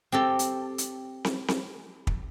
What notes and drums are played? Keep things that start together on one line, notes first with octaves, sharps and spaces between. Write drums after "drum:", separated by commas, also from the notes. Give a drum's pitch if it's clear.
C4 G4 A4
drum: hi-hat
drum: hi-hat
drum: snare C4
drum: snare C4
drum: kick